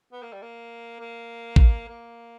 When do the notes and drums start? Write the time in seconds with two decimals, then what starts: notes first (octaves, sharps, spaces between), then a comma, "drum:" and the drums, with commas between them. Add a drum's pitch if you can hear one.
0.13 B3
0.22 A#3
0.33 G3
0.42 A#3
1.00 A#3
1.56 drum: kick
1.89 A#3